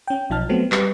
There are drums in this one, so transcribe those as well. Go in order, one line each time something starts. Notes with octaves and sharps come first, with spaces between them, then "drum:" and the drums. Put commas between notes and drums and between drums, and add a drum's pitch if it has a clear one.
C#4 G5
B1 F3 D#4 A5 F6
F#3 A3 B3 C4
G3 B4, drum: clap